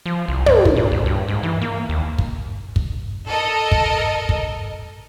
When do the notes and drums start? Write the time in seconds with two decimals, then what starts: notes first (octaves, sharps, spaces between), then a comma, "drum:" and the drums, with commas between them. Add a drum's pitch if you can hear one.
0.06 F3
0.28 C2
0.46 G2, drum: tom
0.65 drum: kick
0.76 A#2
0.92 C#2
1.06 G2
1.28 G#2
1.43 E3
1.62 A#3
1.89 D#2
2.18 drum: kick
2.76 drum: kick
3.26 A4 A#4 D#5
3.72 drum: kick
4.29 drum: kick